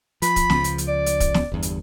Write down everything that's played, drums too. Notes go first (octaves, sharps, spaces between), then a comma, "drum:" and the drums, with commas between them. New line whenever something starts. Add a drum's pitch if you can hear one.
F3 B5, drum: hi-hat
drum: kick, hi-hat
C#2 C#3 F3, drum: snare
drum: hi-hat
drum: hi-hat
D5
drum: hi-hat
drum: kick, hi-hat
drum: snare
G1 E2 G2
drum: hi-hat